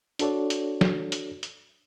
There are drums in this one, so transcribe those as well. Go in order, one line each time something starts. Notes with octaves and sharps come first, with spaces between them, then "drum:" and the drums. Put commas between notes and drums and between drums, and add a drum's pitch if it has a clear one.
D4 F#4 A4 C#5 D5, drum: hi-hat
drum: hi-hat
drum: snare
drum: hi-hat
drum: hi-hat